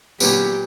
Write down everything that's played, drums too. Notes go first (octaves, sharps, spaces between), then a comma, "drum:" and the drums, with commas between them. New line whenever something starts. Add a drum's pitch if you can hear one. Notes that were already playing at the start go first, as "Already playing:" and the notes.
A#2 F#3 B3 G4, drum: tambourine